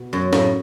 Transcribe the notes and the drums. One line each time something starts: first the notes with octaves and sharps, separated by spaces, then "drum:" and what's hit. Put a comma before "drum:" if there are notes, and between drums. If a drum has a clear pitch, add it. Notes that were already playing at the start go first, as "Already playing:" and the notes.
Already playing: B2
F#2
A2, drum: snare